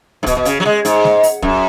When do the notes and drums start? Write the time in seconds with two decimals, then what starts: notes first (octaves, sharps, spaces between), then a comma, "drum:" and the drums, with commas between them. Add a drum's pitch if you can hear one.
0.23 G#2
0.26 B2, drum: kick, hi-hat
0.37 B2
0.45 C#3, drum: hi-hat
0.60 F#3
0.66 G#3, drum: snare G#3
0.85 G#2, drum: hi-hat
1.04 drum: snare G#3
1.23 drum: open hi-hat
1.42 F#2, drum: kick